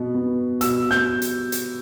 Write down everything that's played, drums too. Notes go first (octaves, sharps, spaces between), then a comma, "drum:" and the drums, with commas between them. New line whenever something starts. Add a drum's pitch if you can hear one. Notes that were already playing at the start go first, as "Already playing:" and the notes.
Already playing: B2 B3
B3
B2 E6, drum: hi-hat
G6, drum: snare
drum: hi-hat
drum: hi-hat